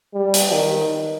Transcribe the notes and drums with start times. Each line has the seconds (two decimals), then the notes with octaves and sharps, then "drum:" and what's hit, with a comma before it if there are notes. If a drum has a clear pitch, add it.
0.14 G3
0.34 drum: hi-hat
0.52 D#3